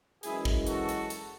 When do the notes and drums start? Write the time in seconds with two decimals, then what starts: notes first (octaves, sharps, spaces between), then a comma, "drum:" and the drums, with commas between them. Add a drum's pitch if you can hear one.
0.23 F#2 E3 G#3 E4 G#4, drum: hi-hat
0.45 drum: kick
0.67 F#4 A4, drum: hi-hat
0.89 drum: hi-hat
1.10 drum: hi-hat